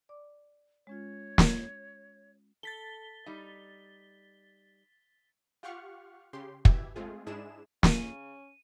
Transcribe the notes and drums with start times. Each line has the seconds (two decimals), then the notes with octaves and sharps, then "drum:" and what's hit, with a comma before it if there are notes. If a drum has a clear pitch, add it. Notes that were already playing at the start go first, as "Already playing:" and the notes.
0.09 D5 D6
0.87 G#3 C#4 F4 C#5
1.38 drum: snare
2.63 A4 A6 B6 G7
3.26 G3 D#4
5.63 F4 G4 F5 F#5 C#6 F6
6.33 C#3 G4 C6
6.65 B2 E3 G4 E5 G#6, drum: kick
6.96 G#3 A3 C4 F4 G#4
7.26 G#2 G#3 D4 E4 G#4 E7
7.83 C#3 C#4 D#7, drum: snare